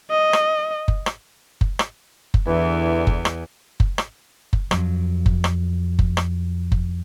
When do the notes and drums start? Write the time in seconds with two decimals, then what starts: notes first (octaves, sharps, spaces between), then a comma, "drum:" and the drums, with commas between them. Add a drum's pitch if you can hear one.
0.10 D#5
0.33 drum: rim click
0.88 drum: kick F#1
1.06 drum: rim click
1.61 drum: kick F#1
1.79 drum: rim click
2.34 drum: kick F#1
2.47 E2 D3 E3
3.07 drum: kick F#1
3.25 drum: rim click
3.80 drum: kick F#1
3.98 drum: rim click
4.53 drum: kick F#1
4.71 F2 F#3, drum: rim click
5.26 drum: kick F#1
5.44 drum: rim click
5.99 drum: kick F#1
6.17 drum: rim click
6.72 drum: kick F#1